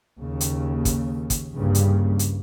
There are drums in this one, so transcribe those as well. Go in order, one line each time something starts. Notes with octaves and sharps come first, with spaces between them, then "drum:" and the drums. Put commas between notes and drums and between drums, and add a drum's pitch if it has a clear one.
D#2 C#3
drum: hi-hat
drum: kick, hi-hat
drum: kick, hi-hat
C2 G2 C#3 G3 A#3
drum: hi-hat
drum: hi-hat